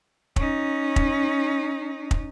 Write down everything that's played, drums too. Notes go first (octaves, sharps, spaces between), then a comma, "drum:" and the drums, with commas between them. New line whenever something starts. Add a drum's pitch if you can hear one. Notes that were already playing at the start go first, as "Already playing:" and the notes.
C#4 D#4, drum: kick
drum: kick
drum: kick